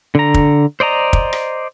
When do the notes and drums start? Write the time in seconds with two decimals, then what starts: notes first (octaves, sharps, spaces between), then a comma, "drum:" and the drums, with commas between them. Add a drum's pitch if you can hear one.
0.15 D3 A#5
0.34 drum: kick
0.80 C5 D5 D#5 A#5
1.13 drum: kick
1.33 drum: rim click